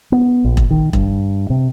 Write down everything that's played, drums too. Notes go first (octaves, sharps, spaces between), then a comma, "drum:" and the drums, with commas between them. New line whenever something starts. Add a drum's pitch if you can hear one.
B3
A#1
drum: kick E1
D#3
G2, drum: kick E1
C3